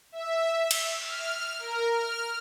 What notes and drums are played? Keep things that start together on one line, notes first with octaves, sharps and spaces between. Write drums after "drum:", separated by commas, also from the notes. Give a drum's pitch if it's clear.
E5
drum: cymbal
F6
A#4
F6